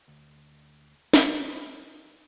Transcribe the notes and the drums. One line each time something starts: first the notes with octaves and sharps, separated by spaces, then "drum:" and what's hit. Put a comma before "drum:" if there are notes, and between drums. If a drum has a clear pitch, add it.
D2
G5, drum: snare